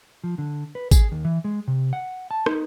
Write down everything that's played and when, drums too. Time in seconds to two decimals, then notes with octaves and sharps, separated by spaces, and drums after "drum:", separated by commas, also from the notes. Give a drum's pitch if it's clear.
0.24 F3
0.38 D3
0.75 B4
0.91 G#4, drum: kick G#1, tambourine
1.12 D#2
1.25 E3
1.44 G#3
1.68 C3
1.93 F#5
2.31 A5
2.46 D#4, drum: rim click